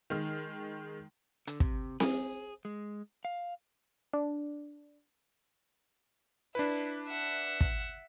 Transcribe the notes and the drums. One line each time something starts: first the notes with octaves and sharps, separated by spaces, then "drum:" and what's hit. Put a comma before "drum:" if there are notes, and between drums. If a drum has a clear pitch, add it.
D#3 G#3 F6
D3, drum: hi-hat
C3, drum: kick
G#4, drum: snare C4
G#3
F5
D4
D4 E4 B4
E5 F#5
drum: kick